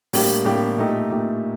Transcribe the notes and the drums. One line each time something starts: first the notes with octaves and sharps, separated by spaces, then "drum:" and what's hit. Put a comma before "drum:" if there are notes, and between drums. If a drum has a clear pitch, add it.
A2 G3 A#3 D4 G4, drum: open hi-hat
A2 G3 A#3 D4 G4
A#2 A3 D#4 G4
A#2 A3 D#4 G4